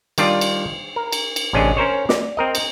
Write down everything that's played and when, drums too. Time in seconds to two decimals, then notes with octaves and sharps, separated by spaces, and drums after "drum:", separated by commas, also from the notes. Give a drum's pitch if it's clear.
0.18 D#3 G3 D4 F4 D5, drum: cymbal
0.41 drum: cymbal
0.96 A#4
1.12 drum: cymbal
1.36 drum: cymbal
1.53 A1 C3 C#4 D4 G#4 D#5
1.77 C#4 A#4 C5 C#5
2.09 D5, drum: snare
2.37 C4 A#4 D#5
2.55 drum: cymbal